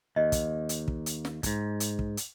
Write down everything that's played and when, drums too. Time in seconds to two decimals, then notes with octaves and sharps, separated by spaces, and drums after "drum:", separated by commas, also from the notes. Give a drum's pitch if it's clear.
0.16 D#2 D#5
0.32 drum: kick, hi-hat
0.69 drum: hi-hat
0.88 drum: kick
1.06 drum: hi-hat
1.25 drum: snare
1.43 D#2 G#2, drum: kick, hi-hat
1.80 drum: hi-hat
1.99 drum: kick
2.17 drum: hi-hat